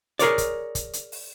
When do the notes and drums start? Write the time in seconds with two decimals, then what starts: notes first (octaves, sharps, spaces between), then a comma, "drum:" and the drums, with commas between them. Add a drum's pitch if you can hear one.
0.19 G#4 A#4 C#5 D5, drum: hi-hat
0.38 drum: kick, hi-hat
0.75 drum: kick, hi-hat
0.93 drum: hi-hat
1.12 drum: open hi-hat